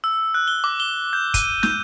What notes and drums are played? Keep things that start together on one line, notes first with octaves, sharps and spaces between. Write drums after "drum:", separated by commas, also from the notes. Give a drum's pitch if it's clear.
E6
F#6
G7
D6
G7
G6
D#7, drum: kick, hi-hat
G6, drum: snare